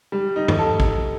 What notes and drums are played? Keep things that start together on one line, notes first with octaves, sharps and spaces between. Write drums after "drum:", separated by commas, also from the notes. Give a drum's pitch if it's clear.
G3
D#4
drum: tom G2
A4
drum: kick